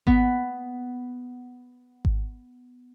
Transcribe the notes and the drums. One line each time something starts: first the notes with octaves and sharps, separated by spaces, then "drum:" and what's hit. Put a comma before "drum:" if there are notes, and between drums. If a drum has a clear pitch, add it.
B3 B4, drum: kick G#1
drum: kick G#1